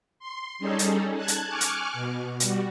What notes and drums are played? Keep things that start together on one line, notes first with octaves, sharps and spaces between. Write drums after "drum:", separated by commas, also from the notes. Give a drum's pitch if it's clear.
C6
G3 C#4 D#4 G#4 A4
drum: hi-hat
A5 F#6 G#6
drum: hi-hat
G#5 C#6 D6 F6 F#6
drum: hi-hat
B2
G3 F#4, drum: hi-hat